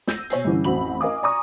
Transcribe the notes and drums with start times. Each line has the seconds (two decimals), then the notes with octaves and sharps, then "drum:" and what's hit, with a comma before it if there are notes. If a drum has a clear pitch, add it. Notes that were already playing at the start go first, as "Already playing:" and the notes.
0.08 E6 G6 A#6 D#7, drum: snare
0.30 B2 C#5 G#5 C7, drum: hi-hat
0.45 G2 D3 E3 C#4
0.64 A1 F2 C4 F#4 B5 F#7
1.01 A#4 D#5 F5 G#5 D6 D#6
1.23 D5 G#5 A#5 C#6 D#6